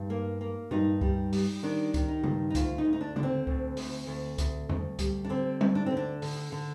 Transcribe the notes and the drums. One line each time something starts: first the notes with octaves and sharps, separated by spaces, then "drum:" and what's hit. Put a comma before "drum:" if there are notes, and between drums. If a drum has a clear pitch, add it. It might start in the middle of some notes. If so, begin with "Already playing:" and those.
Already playing: G2 D#4
A#3
A#3
G2 D#4, drum: tom A#2
G3, drum: kick C#2
G3, drum: open hi-hat
D#3 D4
D#3, drum: kick C#2, hi-hat
D#4
G2, drum: tom
D#4
D2 F4, drum: kick C#2, hi-hat
D#4
D2
D#4
D4
D3 D4, drum: tom
C4
D2, drum: kick C#2
D2, drum: open hi-hat
D2
D2, drum: kick C#2, hi-hat
D2, drum: tom E2
G3, drum: kick C#2, hi-hat
D4
D3 C4
D2, drum: tom G3
D4
D3 C4
D4
D3, drum: open hi-hat
D3